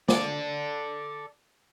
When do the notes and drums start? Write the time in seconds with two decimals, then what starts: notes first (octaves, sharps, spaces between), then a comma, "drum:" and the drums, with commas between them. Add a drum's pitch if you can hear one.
0.08 A4 D5, drum: snare